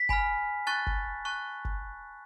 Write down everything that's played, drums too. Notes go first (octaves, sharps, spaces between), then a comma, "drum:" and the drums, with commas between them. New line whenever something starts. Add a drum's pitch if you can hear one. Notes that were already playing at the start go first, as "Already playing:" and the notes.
Already playing: B6
G#5 B5 F6, drum: kick F#1
A5 C#6 F#6 A6
drum: kick F#1
A5 C#6 F#6
drum: kick F#1